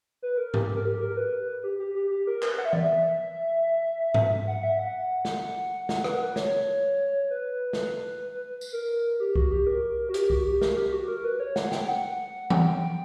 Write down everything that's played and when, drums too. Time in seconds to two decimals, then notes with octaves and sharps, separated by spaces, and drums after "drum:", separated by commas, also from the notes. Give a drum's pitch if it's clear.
0.22 B4
0.38 A#4
0.54 G4, drum: tom G#2
0.75 A#4
0.85 G4
1.01 A#4
1.17 B4
1.64 G4
1.79 G4
1.95 G4
2.11 G4
2.27 A#4
2.43 B4, drum: clap
2.58 F#5
2.65 E5
2.73 D5, drum: tom E3
2.80 E5
4.14 drum: tom G#2
4.47 F#5
4.63 E5
4.79 F#5
5.25 drum: snare
5.89 F#5, drum: snare
6.04 B4, drum: rim click
6.14 A#4
6.20 B4
6.36 C#5, drum: snare
7.30 B4
7.73 drum: snare
8.61 drum: tambourine
8.73 A#4
9.20 G4
9.35 F#4, drum: kick C2
9.51 G4
9.67 A#4
10.09 F#4
10.14 G4, drum: hi-hat
10.30 F#4, drum: kick C2
10.46 G4
10.62 A#4, drum: snare
10.77 G4
10.92 F#4
11.08 A#4
11.24 B4
11.40 C#5
11.56 F#5, drum: snare
11.72 G5, drum: snare
11.88 F#5
12.50 G5, drum: tom E3